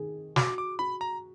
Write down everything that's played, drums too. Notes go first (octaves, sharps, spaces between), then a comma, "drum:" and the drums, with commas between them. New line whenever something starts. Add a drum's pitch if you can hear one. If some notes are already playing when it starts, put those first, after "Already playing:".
Already playing: D#3 G#4
F#4 D6, drum: snare
D6
F#4 B5
A#5